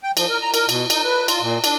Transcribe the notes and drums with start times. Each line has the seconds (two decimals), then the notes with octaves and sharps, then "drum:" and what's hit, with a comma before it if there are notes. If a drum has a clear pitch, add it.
0.03 G5
0.17 F3, drum: cymbal
0.30 A#4
0.41 A#5
0.54 A#4, drum: cymbal
0.69 B2, drum: cymbal
0.90 D#4, drum: cymbal
1.04 B4
1.28 F4, drum: cymbal
1.41 A#2
1.64 D4, drum: cymbal